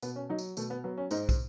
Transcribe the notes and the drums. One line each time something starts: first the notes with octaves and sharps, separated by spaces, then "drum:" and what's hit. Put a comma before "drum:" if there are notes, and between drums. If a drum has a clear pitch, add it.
B2 B3, drum: tambourine
C#4
F#3 D#4
drum: tambourine
B2 A3, drum: tambourine
B3
F#3 B3
C#4
G#2 D#4, drum: tambourine
drum: kick, tambourine